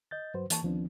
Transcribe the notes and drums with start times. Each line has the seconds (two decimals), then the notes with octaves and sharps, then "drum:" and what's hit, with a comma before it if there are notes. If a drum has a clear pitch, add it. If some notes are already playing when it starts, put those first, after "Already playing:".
0.11 D#5 G6 A6
0.34 G2 F#3 F#4 B4 C5
0.50 E3 A#3 A5 C#6, drum: hi-hat
0.63 D2 D#3 F3 B3 C4 D4